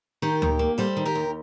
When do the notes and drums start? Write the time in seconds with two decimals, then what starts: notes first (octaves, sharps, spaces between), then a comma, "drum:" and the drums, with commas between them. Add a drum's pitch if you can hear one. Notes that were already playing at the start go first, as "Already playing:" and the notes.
0.22 D#3 G4 A#4
0.42 D#2, drum: tom D2
0.59 A#3
0.78 G3 A4 C5
0.97 D#3
1.05 G4 A#4
1.15 D#2